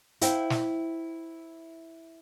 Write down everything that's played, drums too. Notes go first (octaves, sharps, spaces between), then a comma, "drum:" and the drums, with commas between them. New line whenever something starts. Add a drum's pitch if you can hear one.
E4 C5 E5 F5 G5, drum: hi-hat
drum: snare